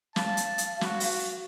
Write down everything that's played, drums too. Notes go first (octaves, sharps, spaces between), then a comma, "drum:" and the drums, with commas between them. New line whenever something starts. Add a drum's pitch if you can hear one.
F5 A5, drum: snare
drum: hi-hat
drum: hi-hat
F#4, drum: snare
drum: open hi-hat